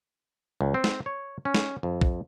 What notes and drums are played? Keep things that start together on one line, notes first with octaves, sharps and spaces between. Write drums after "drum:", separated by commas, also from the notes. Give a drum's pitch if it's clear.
C#2
C4
drum: snare
C#5
C#4
drum: snare
F2
drum: kick